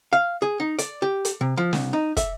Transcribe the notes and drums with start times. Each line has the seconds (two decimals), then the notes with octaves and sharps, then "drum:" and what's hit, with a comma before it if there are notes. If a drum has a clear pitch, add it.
0.13 F5
0.42 G#4
0.60 D#4
0.79 D5, drum: hi-hat
1.02 G4
1.25 drum: hi-hat
1.41 C3
1.57 F3
1.73 C2, drum: snare
1.93 D#4
2.17 E5, drum: kick, hi-hat